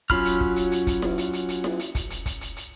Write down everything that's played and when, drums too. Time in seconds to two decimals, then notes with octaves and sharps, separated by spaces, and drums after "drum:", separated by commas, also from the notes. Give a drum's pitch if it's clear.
0.10 F#3 C#4 F4 B5 F6, drum: kick
0.25 drum: hi-hat
0.41 drum: kick
0.56 drum: hi-hat
0.71 drum: hi-hat
0.87 drum: kick, hi-hat
1.02 drum: snare E4
1.18 drum: hi-hat
1.33 drum: hi-hat
1.49 drum: hi-hat
1.64 drum: snare E4
1.79 drum: hi-hat
1.95 drum: kick, hi-hat
2.10 drum: hi-hat
2.26 drum: kick, hi-hat
2.41 drum: hi-hat
2.57 drum: hi-hat